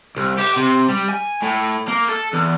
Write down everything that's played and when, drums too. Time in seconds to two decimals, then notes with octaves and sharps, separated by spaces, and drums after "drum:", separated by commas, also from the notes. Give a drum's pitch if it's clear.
0.16 C2
0.39 G4, drum: open hi-hat
0.57 C3
0.89 G3
1.09 G#5
1.43 A2
1.88 A#3
2.08 A4
2.33 E2